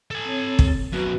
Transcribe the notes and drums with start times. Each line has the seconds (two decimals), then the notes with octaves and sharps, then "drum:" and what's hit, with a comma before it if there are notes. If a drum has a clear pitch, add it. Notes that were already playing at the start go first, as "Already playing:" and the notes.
0.11 A4 G#5
0.25 C4 C#5
0.59 drum: kick
0.93 F#2 B2 F#4 B4